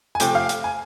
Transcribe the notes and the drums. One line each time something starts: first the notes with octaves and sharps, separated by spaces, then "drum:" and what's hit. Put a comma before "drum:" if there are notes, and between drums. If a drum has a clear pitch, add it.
G#5
C3 F3 A3 G5, drum: hi-hat
F5
drum: hi-hat
G#5